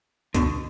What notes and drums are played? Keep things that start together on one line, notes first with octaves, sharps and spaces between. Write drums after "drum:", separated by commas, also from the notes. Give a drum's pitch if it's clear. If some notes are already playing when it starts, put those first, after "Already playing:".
B2 D3, drum: kick C#2, hi-hat